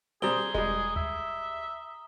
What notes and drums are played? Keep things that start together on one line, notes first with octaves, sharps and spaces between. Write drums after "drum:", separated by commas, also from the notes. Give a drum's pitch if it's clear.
G3 C4 G#4 A#5 D#6 G7
G3 G#3, drum: kick E1
E5, drum: tom D2